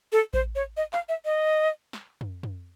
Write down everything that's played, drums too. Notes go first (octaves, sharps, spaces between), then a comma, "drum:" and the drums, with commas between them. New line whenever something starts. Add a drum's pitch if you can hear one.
A4
C5, drum: kick A1
C#5
D#5
F5, drum: clap
E5
D#5
drum: snare
drum: tom
drum: tom